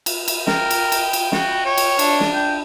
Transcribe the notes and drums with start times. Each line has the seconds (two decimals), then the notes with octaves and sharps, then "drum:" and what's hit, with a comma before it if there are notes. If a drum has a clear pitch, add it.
0.06 drum: cymbal
0.28 drum: cymbal
0.47 A#4 G5, drum: snare
0.70 drum: cymbal
0.92 drum: cymbal
1.13 drum: cymbal
1.32 F#4, drum: snare
1.65 C#5
1.78 drum: cymbal
1.99 D4, drum: cymbal
2.20 drum: snare
2.33 G5